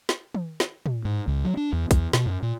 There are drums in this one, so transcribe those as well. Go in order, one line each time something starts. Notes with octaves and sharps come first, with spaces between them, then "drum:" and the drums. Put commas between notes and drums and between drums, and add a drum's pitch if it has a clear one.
drum: snare
drum: tom
drum: snare
drum: tom
G#2
C#2
F#3
D4
E2
E2, drum: kick, hi-hat
B2, drum: snare
F#2
A#2